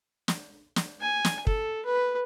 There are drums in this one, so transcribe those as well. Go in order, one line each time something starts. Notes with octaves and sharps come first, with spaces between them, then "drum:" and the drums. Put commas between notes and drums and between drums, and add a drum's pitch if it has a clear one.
drum: snare
drum: snare
G#5
drum: snare
A4, drum: kick
B4